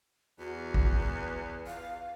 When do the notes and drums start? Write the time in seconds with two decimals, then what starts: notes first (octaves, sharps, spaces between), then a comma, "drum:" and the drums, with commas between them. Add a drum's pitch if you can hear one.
0.39 E2 F#4
0.74 drum: kick
0.99 B4
1.67 F5